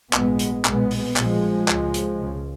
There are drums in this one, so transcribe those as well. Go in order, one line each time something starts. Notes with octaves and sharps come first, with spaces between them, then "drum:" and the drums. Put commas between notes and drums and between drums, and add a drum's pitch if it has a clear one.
A#1 G#2 G#3 B3, drum: clap
drum: hi-hat
B1 A#2 G#3 B3, drum: clap
drum: open hi-hat
A#1 A#2 F3 G#3, drum: clap
C#2 C#3, drum: clap
drum: hi-hat
C#2 C#3